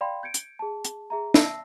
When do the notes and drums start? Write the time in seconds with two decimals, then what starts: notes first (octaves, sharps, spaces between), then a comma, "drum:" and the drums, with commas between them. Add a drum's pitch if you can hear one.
0.01 D5 F5 G5 B5 C6
0.23 G6 G#6 C#7 D7
0.34 drum: hi-hat
0.59 G#4 A5
0.85 drum: hi-hat
1.10 G#4 E5 A#5
1.34 E5 A5 E6 A#6 C7, drum: snare